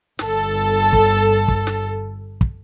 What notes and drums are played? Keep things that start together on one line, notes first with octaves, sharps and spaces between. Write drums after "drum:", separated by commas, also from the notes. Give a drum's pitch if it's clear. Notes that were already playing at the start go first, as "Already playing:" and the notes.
G1 A4, drum: snare
drum: kick
drum: kick
drum: snare
drum: kick